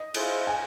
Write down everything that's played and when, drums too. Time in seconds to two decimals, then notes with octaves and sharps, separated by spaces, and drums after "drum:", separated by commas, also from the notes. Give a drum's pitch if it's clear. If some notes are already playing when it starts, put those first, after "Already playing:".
Already playing: D#5
0.14 E4 G#4 C5 F5, drum: cymbal
0.47 G#5